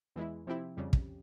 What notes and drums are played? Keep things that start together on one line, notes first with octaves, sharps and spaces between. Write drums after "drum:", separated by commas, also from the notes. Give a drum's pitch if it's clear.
E2 E3 G#3 E4
C3 F3 C4 E4 G4
F2 C#3 G3
drum: kick